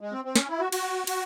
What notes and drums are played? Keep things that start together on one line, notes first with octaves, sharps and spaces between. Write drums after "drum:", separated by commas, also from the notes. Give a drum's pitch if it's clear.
G#3
C4
C4
C#4, drum: snare
E4
F#4
F#4, drum: cymbal
F#4, drum: cymbal